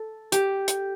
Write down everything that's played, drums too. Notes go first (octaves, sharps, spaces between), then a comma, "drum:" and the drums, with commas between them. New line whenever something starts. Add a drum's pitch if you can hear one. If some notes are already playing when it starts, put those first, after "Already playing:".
Already playing: A4
G4, drum: hi-hat
drum: hi-hat